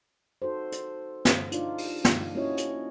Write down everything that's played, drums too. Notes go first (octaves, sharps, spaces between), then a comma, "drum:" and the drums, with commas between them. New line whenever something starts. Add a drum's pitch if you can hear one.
D#4 F#4 A4 C5
drum: hi-hat
drum: snare
D4 D#4 F4 D5, drum: hi-hat
drum: open hi-hat
drum: snare
A#3 C#4 E4 F#4 C#5 D#5
drum: hi-hat